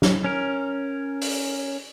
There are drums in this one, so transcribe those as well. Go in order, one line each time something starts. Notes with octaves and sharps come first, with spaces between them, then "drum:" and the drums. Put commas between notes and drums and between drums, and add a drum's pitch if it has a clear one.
drum: snare
C#4 A#4
drum: open hi-hat